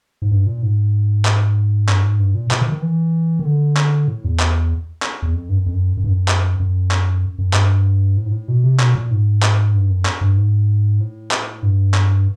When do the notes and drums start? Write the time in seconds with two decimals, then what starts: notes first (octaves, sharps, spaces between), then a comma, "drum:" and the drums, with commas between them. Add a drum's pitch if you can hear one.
0.22 G#2
0.31 G2
0.47 A#2
0.62 G#2
1.25 drum: clap
1.89 G2, drum: clap
2.03 G#2
2.19 G2
2.35 A#2
2.51 A#2, drum: clap
2.61 D#3
2.72 D#3
2.82 E3
3.39 D#3
3.45 D3
3.77 drum: clap
4.08 A2
4.24 E2
4.40 drum: clap
5.02 drum: clap
5.22 E2
5.34 F2
5.49 G2
5.57 F#2
5.66 F2
5.74 F#2
5.97 F#2
6.04 G2
6.11 F#2
6.28 drum: clap
6.60 F#2
6.91 drum: clap
7.38 F#2
7.53 G2, drum: clap
8.17 A2
8.26 G#2
8.32 A2
8.48 B2
8.64 C3
8.80 B2, drum: clap
8.95 A#2
9.11 G#2
9.42 drum: clap
9.74 G2
9.90 F#2
10.05 drum: clap
10.21 G2
10.37 G#2
11.00 A2
11.31 drum: clap
11.62 G2
11.94 drum: clap